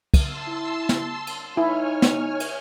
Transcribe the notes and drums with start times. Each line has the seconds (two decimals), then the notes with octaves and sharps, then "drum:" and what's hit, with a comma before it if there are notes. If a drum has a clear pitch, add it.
0.14 A5 C6 E6, drum: kick, cymbal
0.48 E4
0.89 drum: snare
1.27 drum: cymbal
1.57 D#4 E4 C#5 G#5 F6
2.02 drum: snare
2.40 drum: cymbal